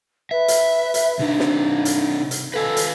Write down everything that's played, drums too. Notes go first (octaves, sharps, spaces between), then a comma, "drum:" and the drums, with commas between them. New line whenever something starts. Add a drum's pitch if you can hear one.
B4 E5
drum: hi-hat
drum: hi-hat
C3 D4 D#4
drum: snare
drum: hi-hat
drum: hi-hat
A4 B4 F5 G#5
drum: hi-hat